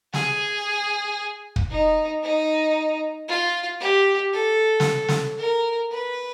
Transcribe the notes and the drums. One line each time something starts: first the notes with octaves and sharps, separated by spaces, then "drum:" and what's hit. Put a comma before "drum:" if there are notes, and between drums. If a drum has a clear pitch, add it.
G#4, drum: snare
drum: kick
D#4
D#4
F4
G4
A4
drum: snare
drum: snare
A#4
B4